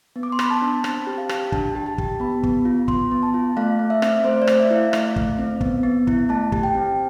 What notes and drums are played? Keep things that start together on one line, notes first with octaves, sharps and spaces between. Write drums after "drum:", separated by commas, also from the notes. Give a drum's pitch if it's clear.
B3
D6
C6
B3 B5, drum: rim click
A5
D4
C4 A5, drum: rim click
G4
F5
G4, drum: rim click
D4 A5, drum: kick
G4
A5
G4, drum: kick
B3 B5
B3, drum: kick
F4
B3 C6, drum: kick
B3
A5
F4
A3 F5
A3
E5
C4, drum: rim click
A3 C5
D5
A3, drum: rim click
E5
E4
F5
A3, drum: rim click
A3, drum: kick
C4
B3, drum: kick
B3
E4, drum: kick
A3 A5
G4, drum: kick
G5
C4